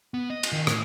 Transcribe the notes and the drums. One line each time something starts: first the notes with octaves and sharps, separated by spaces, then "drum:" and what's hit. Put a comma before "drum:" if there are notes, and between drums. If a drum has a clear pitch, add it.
B3
D#5
drum: cymbal
D#3
A2, drum: rim click